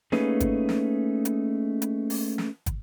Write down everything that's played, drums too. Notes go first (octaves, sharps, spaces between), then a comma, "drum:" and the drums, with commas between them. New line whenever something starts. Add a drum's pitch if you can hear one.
A3 A#3 C#4 D#4 G#4 B4, drum: snare
drum: kick, hi-hat
drum: snare
drum: hi-hat
drum: hi-hat
drum: open hi-hat
drum: snare
drum: kick, hi-hat